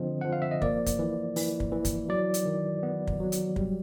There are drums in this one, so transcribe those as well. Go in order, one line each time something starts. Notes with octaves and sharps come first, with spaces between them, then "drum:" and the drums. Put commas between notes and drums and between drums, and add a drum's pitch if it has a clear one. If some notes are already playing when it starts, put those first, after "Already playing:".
Already playing: D3 F3 C4 D#5
F3 F#5
F5
E5
D#5
A#3 D5, drum: kick
drum: kick, hi-hat
E3
E3, drum: open hi-hat
drum: kick
E3
drum: kick, hi-hat
F#3 D5
drum: hi-hat
D#3
B3
drum: kick
F#3
drum: hi-hat
G3, drum: kick